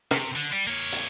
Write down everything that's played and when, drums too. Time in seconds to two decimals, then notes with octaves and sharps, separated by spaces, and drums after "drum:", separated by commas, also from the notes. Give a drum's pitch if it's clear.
0.11 C3, drum: rim click
0.36 D3
0.53 G3
0.67 A#3 C#5
0.92 drum: hi-hat